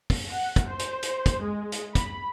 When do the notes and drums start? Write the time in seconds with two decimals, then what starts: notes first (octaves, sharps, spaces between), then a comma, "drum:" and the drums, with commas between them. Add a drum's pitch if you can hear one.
0.10 drum: kick, open hi-hat
0.30 F#5
0.56 drum: kick, hi-hat
0.67 C5
0.79 drum: hi-hat
1.03 drum: hi-hat
1.26 drum: kick, hi-hat
1.42 G#3
1.72 drum: hi-hat
1.95 B5, drum: kick, hi-hat